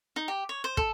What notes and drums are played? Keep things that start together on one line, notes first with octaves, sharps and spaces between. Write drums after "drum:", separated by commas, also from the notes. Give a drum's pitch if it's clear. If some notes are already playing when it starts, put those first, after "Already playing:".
D#4
G4
C#5
C5
A4, drum: kick